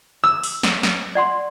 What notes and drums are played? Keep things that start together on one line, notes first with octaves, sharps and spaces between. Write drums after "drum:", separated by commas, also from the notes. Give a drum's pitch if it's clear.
E6
drum: open hi-hat
drum: snare
drum: snare
D5 F#5 C6